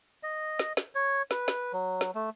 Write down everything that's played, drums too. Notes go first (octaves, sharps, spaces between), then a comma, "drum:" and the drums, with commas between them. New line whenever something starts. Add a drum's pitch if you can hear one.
D#5
drum: snare
drum: snare
C#5
B4, drum: snare
drum: snare
F#3
drum: snare
A3